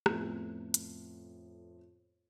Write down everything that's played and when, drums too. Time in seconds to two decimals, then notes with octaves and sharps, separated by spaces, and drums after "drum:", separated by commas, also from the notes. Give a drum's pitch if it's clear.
0.06 F2 A2 B3, drum: rim click
0.74 drum: hi-hat